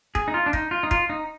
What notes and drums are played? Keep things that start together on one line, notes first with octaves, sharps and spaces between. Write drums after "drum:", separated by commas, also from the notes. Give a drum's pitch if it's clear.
G#4, drum: kick
D#4
F4
D4
D#4, drum: kick
F4
D#4
F4, drum: kick
D#4